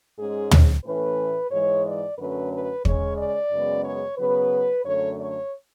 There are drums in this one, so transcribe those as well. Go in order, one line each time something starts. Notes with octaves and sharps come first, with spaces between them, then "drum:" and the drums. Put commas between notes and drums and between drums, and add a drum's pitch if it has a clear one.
G#2 G#3 C#4 G#4
drum: tom
A2 E3 A3 C#4 B4
G#2 E3 G#3 C#5
D5
F#2 D3 F#3 A3 C#4 B4
B4
C#3 G#3 C#4 C#5, drum: kick
D5
F#2 C#3 G#3 B3
C#5
C#3 F#3 B3 B4
F#2 D3 A3 C#5
C#5